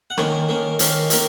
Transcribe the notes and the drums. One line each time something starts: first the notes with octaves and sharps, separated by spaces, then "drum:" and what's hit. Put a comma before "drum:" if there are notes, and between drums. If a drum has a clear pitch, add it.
F#5
D#3 A#3 C#4 G#5, drum: rim click
D#3 A#3 C#4
D#3 A#3 C#4 F5, drum: hi-hat
D#3 A#3, drum: hi-hat